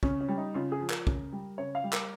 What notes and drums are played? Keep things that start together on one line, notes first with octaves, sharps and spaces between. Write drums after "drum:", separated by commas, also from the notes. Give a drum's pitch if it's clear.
C#3 C#4, drum: kick
C#4
G3
D#4
C#3 F4
G#4
F3
A#4, drum: clap
C#3, drum: kick
G3
C#3 C#5
F5
G3
A#4, drum: clap